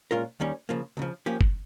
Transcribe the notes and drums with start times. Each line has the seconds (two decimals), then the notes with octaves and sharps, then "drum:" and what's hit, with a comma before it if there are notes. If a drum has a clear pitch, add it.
0.11 A#2 G#3 C#4 F4 A#4
0.40 D#2 D#3 G3 C#4
0.69 C#3 F3 A#3
0.97 C#2 C#3 F3
1.26 F3 A#3 C#4 G4
1.41 drum: kick